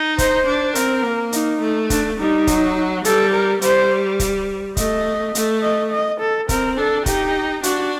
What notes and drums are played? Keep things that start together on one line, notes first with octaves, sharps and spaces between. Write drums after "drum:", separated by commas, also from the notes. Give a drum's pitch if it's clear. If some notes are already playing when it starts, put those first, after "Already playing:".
Already playing: D#4
C5, drum: kick, hi-hat
D4
C4 A#4, drum: hi-hat
A#3
D#4, drum: hi-hat
A3
D4, drum: kick, hi-hat
G3 D#4
F#3, drum: kick, hi-hat
G3 A4, drum: hi-hat
A#4
G3 C5, drum: hi-hat
drum: kick, hi-hat
A3 D#5, drum: kick, hi-hat
A3, drum: hi-hat
D#5
D#5
A4
C4 A#4, drum: kick, hi-hat
D4 A4
D#4 G4, drum: kick, hi-hat
D4 F#4, drum: hi-hat